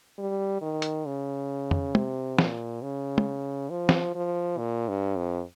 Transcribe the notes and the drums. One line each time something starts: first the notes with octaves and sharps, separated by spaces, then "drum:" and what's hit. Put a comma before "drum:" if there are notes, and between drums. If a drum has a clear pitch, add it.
G3
D#3
drum: hi-hat
C#3
drum: tom
C3, drum: tom
A#2, drum: snare
C#3
drum: tom
F3
drum: snare
F3
A#2
G2
F2